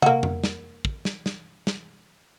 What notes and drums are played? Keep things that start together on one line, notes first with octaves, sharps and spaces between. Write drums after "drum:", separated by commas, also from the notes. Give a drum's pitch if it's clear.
A#3 F#4, drum: tom
drum: tom F2
drum: snare
drum: kick
drum: snare
drum: snare
drum: snare